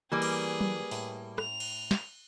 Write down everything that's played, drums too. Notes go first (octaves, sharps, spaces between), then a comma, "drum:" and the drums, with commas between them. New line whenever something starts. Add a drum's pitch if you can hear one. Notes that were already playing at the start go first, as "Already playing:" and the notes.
E3 G3 A#3 G#4 B4
drum: cymbal
drum: tom F#3
A2, drum: open hi-hat
F7, drum: rim click
drum: cymbal
drum: snare